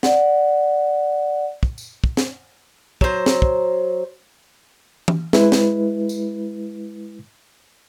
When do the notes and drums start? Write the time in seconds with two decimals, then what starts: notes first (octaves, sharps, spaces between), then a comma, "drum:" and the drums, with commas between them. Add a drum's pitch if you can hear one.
0.03 D5 F#5, drum: snare
1.63 drum: kick
1.78 drum: tambourine
2.04 drum: kick
2.17 drum: snare
3.01 F#3 C5, drum: kick
3.26 drum: snare
3.42 drum: kick
5.08 drum: tom
5.33 G#3 E4 B4, drum: snare
5.52 drum: snare
6.09 drum: tambourine